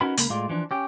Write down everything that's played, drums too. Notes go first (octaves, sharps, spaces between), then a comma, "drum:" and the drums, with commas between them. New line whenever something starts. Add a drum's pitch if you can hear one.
C#4 D#4 F#4 A#4 B4 B5
C#2 A#3 A#4 B5, drum: hi-hat
A2 G#3 F4 D5
E3 F3 D4
C#4 G4